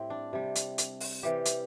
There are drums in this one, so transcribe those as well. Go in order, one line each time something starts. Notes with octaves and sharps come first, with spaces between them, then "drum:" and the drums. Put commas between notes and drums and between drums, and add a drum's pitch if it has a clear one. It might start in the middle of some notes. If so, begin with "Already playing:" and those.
Already playing: A2 G3 C4 E4 G4
D4
C3 G3
drum: hi-hat
drum: hi-hat
drum: open hi-hat
C3 E3 G3 G4
drum: hi-hat